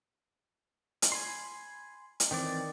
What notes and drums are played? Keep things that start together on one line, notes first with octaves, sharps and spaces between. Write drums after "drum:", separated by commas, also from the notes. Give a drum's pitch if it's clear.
drum: hi-hat
G#5 B5 C6
drum: hi-hat
D#3 E3 C4 D5 G5